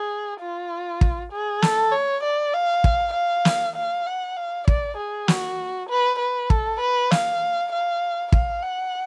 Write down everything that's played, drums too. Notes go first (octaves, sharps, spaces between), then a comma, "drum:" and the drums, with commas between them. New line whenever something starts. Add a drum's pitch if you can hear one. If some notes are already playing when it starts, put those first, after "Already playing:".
Already playing: G#4
F4
drum: kick
G#4
A4, drum: snare
C#5
D5
F5
drum: kick
F5
drum: snare
F5
F#5
F5
D5, drum: kick
G#4
F#4, drum: snare
B4
B4
A4, drum: kick
B4
F5, drum: snare
F5
F5, drum: kick
F#5